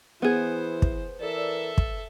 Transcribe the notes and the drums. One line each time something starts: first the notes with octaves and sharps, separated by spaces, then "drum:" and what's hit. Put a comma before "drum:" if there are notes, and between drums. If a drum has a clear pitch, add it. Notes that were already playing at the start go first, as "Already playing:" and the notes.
E3 B3 E4 G#4 C5
drum: kick
E3 A4 A#4 D5 E5
drum: kick